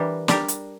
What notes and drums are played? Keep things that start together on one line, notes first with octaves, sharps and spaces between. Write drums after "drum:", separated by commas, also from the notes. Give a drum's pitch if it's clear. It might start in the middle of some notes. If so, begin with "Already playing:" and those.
Already playing: E3 G3 D4 G4 A#4
G3 D4 G4 A#4, drum: snare
drum: hi-hat